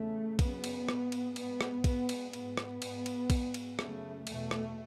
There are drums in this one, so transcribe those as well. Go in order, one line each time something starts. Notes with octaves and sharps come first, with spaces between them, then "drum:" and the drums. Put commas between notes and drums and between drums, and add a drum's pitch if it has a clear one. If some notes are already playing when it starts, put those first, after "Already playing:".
Already playing: E2 C#3 A3
F#2 C#3 B3, drum: kick, cymbal
drum: cymbal
G#2, drum: rim click
drum: cymbal
G#2 B3, drum: cymbal
drum: rim click
G#2 B3, drum: kick, cymbal
drum: cymbal
G#2 B3, drum: cymbal
drum: rim click
G#2, drum: cymbal
drum: cymbal
G#2, drum: kick, cymbal
drum: cymbal
F#2 C#3 A3, drum: rim click
E2 B2 A3, drum: cymbal
drum: rim click